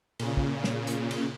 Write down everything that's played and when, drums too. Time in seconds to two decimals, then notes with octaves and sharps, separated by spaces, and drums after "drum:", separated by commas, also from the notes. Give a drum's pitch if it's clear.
0.19 A#2 C#3, drum: cymbal
0.37 drum: kick
0.64 drum: snare
0.87 drum: hi-hat
1.11 drum: cymbal